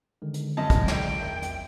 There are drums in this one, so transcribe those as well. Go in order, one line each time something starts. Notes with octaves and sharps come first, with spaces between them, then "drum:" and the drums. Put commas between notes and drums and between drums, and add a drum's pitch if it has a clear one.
D3 D#3 G#3
drum: hi-hat
F#2 D#5 A5
drum: kick, hi-hat
G5, drum: snare
E2 A#4 E5
drum: hi-hat